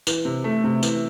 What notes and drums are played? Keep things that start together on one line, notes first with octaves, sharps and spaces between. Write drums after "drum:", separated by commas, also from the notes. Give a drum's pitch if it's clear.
E3, drum: tambourine
C3
A3
C3
E3, drum: tambourine